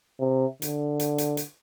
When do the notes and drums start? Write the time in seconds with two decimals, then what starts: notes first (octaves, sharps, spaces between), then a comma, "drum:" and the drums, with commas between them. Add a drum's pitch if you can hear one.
0.20 C3
0.62 D3, drum: hi-hat
0.99 drum: hi-hat
1.18 drum: hi-hat
1.37 drum: hi-hat